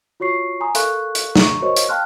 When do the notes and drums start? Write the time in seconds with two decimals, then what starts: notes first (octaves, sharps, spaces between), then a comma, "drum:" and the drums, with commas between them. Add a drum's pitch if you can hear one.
0.20 F4 F#4 C#5 C#6 C7
0.61 G#5 A#5 C6 D#6
0.75 A4 A#4 F5 C6 C#6 F#6, drum: hi-hat
1.15 drum: hi-hat
1.36 A#5 C#6, drum: snare
1.61 F#4 A#4 C5 C#5 D#5 C#6
1.76 drum: hi-hat
1.89 F5 G5 A5 C6 F6 F#6